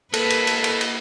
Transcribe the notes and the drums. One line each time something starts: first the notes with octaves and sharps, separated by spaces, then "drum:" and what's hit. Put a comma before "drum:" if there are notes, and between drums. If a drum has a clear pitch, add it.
A#3 A4 B4 D#5 B5, drum: cymbal
drum: cymbal
drum: cymbal
drum: cymbal
drum: cymbal